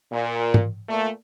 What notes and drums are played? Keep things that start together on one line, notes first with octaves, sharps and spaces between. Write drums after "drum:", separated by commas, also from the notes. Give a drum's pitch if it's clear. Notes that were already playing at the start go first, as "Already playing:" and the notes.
A#2
drum: tom G#2
A#2 A3